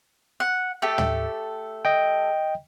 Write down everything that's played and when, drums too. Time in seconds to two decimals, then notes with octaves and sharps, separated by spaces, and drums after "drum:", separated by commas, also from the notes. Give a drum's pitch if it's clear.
0.40 F#5
0.82 A3 G4 A4
0.98 drum: tom
1.85 D#5 G5